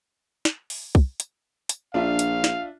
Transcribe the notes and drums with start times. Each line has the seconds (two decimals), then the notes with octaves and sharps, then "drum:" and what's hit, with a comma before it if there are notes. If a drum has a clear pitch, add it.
0.45 drum: snare
0.70 drum: open hi-hat
0.95 drum: kick
1.20 drum: hi-hat
1.69 drum: hi-hat
1.94 A#1 D4 F4 E5 F5
2.19 drum: hi-hat
2.44 drum: snare